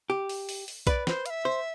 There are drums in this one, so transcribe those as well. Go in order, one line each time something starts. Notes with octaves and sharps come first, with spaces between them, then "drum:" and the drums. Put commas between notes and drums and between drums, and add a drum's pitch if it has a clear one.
G4
drum: open hi-hat
drum: open hi-hat
drum: open hi-hat
B4 D5, drum: kick B1, hi-hat
C5, drum: snare
F5, drum: hi-hat
E5
C5